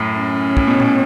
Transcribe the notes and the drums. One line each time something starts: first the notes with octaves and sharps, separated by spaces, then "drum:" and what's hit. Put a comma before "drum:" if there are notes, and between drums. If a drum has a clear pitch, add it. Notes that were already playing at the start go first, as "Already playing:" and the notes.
Already playing: F#2 A2
C#4
A2, drum: kick
B2
A2, drum: tom A#2